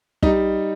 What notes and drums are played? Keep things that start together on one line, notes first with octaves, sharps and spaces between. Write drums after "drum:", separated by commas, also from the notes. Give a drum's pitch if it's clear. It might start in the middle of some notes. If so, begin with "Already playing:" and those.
G3 D#4, drum: kick